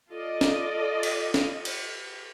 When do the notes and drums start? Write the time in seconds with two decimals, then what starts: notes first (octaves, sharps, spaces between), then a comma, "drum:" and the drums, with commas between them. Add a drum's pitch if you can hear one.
0.10 F4 A4 D5 D#5
0.41 drum: snare
1.03 drum: cymbal
1.34 drum: snare
1.65 drum: cymbal